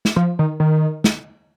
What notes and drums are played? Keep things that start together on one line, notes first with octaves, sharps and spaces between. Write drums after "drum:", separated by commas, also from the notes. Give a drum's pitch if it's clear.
drum: snare
F3
D#3
D#3
drum: snare